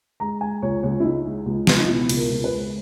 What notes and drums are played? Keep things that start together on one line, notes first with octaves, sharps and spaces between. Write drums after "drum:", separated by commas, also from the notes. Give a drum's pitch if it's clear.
G#3 A#5
G#3 G#5
C#2 C#5
C#2 C#5
E4
C#2 D#4
G#3
C#2
C#2, drum: snare
D#4
B2 E4
C#2, drum: cymbal
A#4
C#2
B4
G#3